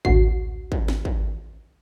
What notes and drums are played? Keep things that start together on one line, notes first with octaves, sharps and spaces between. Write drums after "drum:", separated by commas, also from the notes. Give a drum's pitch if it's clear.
A1 D2 F#4 C7, drum: kick
drum: kick
drum: snare
drum: kick